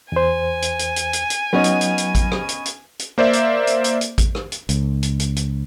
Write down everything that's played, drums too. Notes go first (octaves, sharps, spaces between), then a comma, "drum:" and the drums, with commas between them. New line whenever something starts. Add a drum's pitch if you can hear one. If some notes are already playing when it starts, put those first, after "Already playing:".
E2 C5 G#5
drum: hi-hat
drum: hi-hat
drum: hi-hat
drum: hi-hat
drum: hi-hat
F#3 B3 C#4 D#4
drum: hi-hat
drum: hi-hat
drum: hi-hat
drum: kick A1, hi-hat
drum: rim click
drum: hi-hat
drum: hi-hat
drum: hi-hat
A#3 C5 D5 E5
drum: hi-hat
drum: hi-hat
drum: hi-hat
drum: hi-hat
drum: kick A1, hi-hat
drum: rim click
drum: hi-hat
C#2, drum: hi-hat
drum: hi-hat
drum: hi-hat
drum: hi-hat